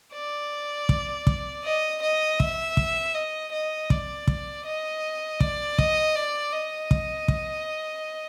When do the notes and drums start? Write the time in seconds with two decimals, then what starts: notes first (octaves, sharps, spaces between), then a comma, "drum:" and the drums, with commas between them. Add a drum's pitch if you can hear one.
0.13 D5
0.89 drum: kick
1.27 drum: kick
1.65 D#5
2.02 D#5
2.40 E5, drum: kick
2.77 drum: kick
3.15 D#5
3.52 D#5
3.90 D5, drum: kick
4.27 drum: kick
4.66 D#5
5.40 D5, drum: kick
5.79 D#5, drum: kick
6.16 D5
6.53 D#5
6.91 drum: kick
7.28 drum: kick